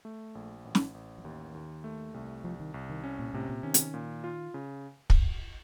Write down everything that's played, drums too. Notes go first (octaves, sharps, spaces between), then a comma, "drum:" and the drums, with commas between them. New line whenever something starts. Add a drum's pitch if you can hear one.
A3
A#1
A1
drum: snare
A1
F3
D#2 D#3
D#2
A3
C2
C2 F3
D#3
C2
D#3
C#4
A#2
A2 C3
A#2
D#3 C#4
drum: hi-hat
A#2
F4
C#3
drum: kick